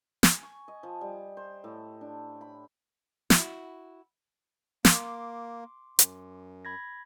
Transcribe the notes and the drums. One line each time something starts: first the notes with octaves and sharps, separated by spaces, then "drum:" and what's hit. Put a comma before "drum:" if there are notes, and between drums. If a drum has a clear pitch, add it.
G#5, drum: snare
C#6
D#5
F3
G3
C5
A2
D4
B5
E4 F#4, drum: snare
A#3 C6 D6, drum: snare
F#2, drum: hi-hat
B5 G#6 A#6